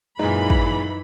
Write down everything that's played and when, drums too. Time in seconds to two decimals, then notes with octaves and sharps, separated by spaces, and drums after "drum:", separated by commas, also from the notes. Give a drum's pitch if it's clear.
0.19 F#2 A#2 E3 G#3 D#4 B5
0.50 drum: kick